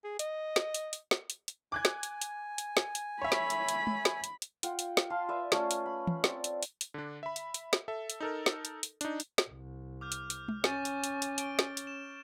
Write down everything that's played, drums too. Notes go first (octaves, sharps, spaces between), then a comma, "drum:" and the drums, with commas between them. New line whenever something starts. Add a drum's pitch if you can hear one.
G#4
D#5, drum: hi-hat
drum: snare
drum: hi-hat
drum: hi-hat
drum: snare
drum: hi-hat
drum: hi-hat
G#5 D6 F#6 G#6
drum: snare
drum: hi-hat
drum: hi-hat
drum: hi-hat
drum: snare
drum: hi-hat
C#5 E5 B5
drum: snare
drum: hi-hat
drum: hi-hat
drum: tom G#3
drum: snare
drum: hi-hat
drum: hi-hat
F4 F#5 G5, drum: hi-hat
drum: hi-hat
drum: snare
F4 F5 A5 C6
B4 D5 E5
A3 C#4 F4 A4, drum: snare
drum: hi-hat
B5
drum: tom
C4 D5, drum: snare
drum: hi-hat
drum: hi-hat
drum: hi-hat
D3 D4
E5 B5
drum: hi-hat
drum: hi-hat
drum: snare
A4 E5
drum: hi-hat
D#4 A4 A#4
drum: snare
drum: hi-hat
drum: hi-hat
D4 D#4, drum: hi-hat
drum: hi-hat
drum: snare
C2
D6 F6 G6
drum: hi-hat
drum: hi-hat
drum: tom G#3
C#4 G#5 C#6 G6 A6, drum: snare
drum: hi-hat
drum: hi-hat
drum: hi-hat
D7 G7, drum: hi-hat
drum: snare
drum: hi-hat
E7